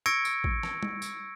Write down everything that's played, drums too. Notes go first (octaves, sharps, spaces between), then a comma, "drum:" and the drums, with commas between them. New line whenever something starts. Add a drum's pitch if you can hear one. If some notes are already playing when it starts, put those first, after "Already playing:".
C#6 E6 G#6 A#6 C#7 D7
drum: tambourine
drum: kick
drum: rim click
drum: tom G3
drum: tambourine